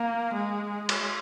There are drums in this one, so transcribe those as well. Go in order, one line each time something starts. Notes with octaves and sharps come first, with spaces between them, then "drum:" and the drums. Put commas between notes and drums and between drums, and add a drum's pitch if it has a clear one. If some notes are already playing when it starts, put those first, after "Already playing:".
Already playing: A#3
G#3
drum: cymbal